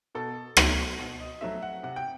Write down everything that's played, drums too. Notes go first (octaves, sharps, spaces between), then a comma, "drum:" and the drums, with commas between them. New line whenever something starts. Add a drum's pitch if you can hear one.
B2 A4
F#3 A3 C4, drum: rim click
B2
D#5
F#3 A3 C4 E5
F#5
C3 F#5
G5